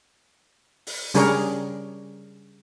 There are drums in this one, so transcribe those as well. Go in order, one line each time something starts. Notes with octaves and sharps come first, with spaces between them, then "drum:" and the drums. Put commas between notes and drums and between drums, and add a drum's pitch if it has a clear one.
drum: open hi-hat
C#3 G3 D4 G#4 A#4 C#5, drum: hi-hat